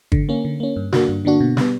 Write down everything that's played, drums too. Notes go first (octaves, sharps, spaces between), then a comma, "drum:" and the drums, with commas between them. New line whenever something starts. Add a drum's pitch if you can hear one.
D3, drum: kick
A#3 C#4
D3
A#3 C#4
G2
D3 A#3 D4 F#4, drum: snare
G2
D3 A#3 D4 F#4
B2
G3 B3, drum: snare